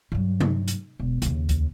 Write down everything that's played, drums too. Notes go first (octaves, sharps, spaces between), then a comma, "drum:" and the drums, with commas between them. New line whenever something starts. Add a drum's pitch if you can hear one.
G2 F#3
drum: tom C3
drum: hi-hat
E1
D#2 C#3, drum: hi-hat
drum: kick C#2, hi-hat